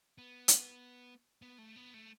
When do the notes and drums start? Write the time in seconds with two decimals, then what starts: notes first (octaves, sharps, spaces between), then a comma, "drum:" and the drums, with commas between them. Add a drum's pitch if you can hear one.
0.18 B3
0.48 drum: hi-hat
1.42 B3
1.58 A3
1.76 B3
1.94 A3